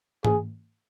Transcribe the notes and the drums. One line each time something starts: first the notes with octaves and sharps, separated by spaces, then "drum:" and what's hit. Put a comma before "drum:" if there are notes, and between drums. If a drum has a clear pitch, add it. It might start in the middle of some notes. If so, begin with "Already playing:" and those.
G#4, drum: tom G#2